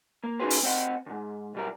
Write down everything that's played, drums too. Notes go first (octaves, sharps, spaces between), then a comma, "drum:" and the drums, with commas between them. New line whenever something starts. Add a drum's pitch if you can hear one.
A#3
C#4 D#4 F#4 G#4 B4 C5
drum: open hi-hat
C4 C5 D#5 F#5
D2 G#2
B1 G3 A#4